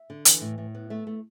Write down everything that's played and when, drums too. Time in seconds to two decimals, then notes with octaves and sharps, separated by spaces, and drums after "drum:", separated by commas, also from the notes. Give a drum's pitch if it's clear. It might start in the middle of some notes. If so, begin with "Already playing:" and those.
Already playing: E5
0.10 D3
0.25 E3, drum: hi-hat
0.41 A2
0.58 A2
0.75 B3
0.90 A3 E5
1.07 A3